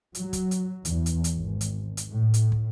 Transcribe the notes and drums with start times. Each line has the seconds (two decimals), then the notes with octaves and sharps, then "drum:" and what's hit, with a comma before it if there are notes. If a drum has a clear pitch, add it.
0.15 F#3, drum: hi-hat
0.33 drum: kick, hi-hat
0.51 drum: hi-hat
0.85 E2, drum: hi-hat
1.06 drum: hi-hat
1.24 drum: hi-hat
1.35 G#1
1.61 drum: hi-hat
1.97 drum: hi-hat
2.10 A2
2.34 drum: hi-hat
2.52 drum: kick